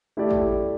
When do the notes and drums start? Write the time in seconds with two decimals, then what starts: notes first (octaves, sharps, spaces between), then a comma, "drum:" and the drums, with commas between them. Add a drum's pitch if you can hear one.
0.17 A3 E4 G4 D5
0.31 drum: kick